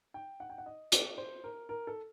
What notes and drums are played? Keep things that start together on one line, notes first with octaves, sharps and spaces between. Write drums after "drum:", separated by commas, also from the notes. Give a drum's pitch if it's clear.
G5
F#5
G5
F#5
D#5
D5, drum: hi-hat
C5
A#4
A#4
A4